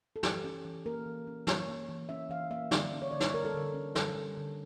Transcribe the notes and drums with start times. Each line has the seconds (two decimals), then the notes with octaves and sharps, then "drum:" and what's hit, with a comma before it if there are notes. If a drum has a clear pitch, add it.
0.16 A4
0.23 E3 G4, drum: snare
0.44 C#4
0.65 E3
0.86 A#3 A#4
1.06 E3
1.27 C#4
1.47 E3 C#5, drum: snare
1.68 A#3
1.89 E3
2.09 C#4 E5
2.29 E3 F5
2.50 A#3 E5
2.71 D3 D5, drum: snare
2.93 C#4
3.02 C#5
3.11 D3 D5
3.20 C#5, drum: snare
3.34 G3 A#4
3.45 A4
3.54 D3 A#4
3.74 C#4
3.95 D3 A4, drum: snare
4.15 G3
4.37 D3